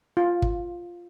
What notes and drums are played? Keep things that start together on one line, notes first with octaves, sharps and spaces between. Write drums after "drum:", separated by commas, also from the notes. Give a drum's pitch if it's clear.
F4
drum: kick